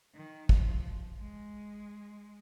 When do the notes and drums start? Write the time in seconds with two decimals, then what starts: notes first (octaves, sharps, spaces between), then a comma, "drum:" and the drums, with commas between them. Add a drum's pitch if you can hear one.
0.15 D#3
0.49 F3, drum: kick
1.20 G#3